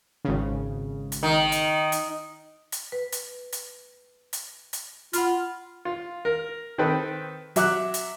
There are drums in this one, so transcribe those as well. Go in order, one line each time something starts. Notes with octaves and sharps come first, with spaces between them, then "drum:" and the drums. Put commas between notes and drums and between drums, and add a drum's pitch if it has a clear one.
G#1 C#3
drum: hi-hat
D#3
drum: hi-hat
drum: hi-hat
drum: hi-hat
B4
drum: hi-hat
drum: hi-hat
drum: hi-hat
drum: hi-hat
F4 F#5 B5 F6, drum: hi-hat
F4
A#4
D#3 C4 A4 B4
F#3 E5 D6 F#6, drum: hi-hat
drum: hi-hat